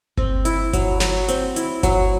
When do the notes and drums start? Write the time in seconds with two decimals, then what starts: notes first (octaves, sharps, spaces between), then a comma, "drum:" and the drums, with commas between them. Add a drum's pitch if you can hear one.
0.17 C4, drum: kick G1
0.45 E4, drum: hi-hat
0.73 F#3, drum: kick G1, hi-hat
1.00 F#3, drum: snare
1.28 C4, drum: hi-hat
1.56 E4, drum: hi-hat
1.83 F#3, drum: kick G1, hi-hat